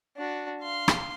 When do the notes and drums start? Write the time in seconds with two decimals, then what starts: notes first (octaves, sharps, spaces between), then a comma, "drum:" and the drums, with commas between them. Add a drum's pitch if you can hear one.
0.17 D4 F#4
0.61 F5 C6
0.88 drum: rim click